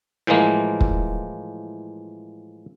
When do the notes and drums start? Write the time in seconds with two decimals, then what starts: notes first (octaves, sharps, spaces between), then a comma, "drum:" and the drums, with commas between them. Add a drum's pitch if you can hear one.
0.27 A2 E3 F3 G#3 A#3
0.81 drum: kick